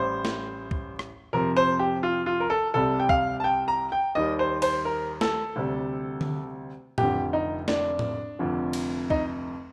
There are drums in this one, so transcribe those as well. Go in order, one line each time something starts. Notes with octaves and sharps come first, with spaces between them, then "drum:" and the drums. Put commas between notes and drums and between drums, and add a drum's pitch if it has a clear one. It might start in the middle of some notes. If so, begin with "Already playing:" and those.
Already playing: A1 A2 G3 C5
drum: snare
drum: kick
drum: rim click
F2 C3 F3 A#4
C5
G4
F4
F4
A#4
A4
C2 C3 G3 A4
G5
F5, drum: kick
A5
G5
A#5
G5
D#2 D#3 G3 D#5
C5
C5, drum: cymbal
A#4
A4, drum: snare
D2 C3 G3
drum: tom D3
F1 F2 D3 G4, drum: tom A2
D#4
D4, drum: snare
drum: tom A2
F1 F2 D3 F3
drum: cymbal
D#4, drum: kick